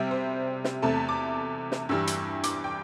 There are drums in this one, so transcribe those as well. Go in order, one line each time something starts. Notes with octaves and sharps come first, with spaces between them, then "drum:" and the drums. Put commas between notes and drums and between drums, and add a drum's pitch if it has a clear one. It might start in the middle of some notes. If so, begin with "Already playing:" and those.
Already playing: C3 G3 C4 E5 G5
C5
drum: snare
E2 C3 A3 A5
D6
drum: snare
G2 E3 G3 E6
drum: hi-hat
D6, drum: hi-hat
G5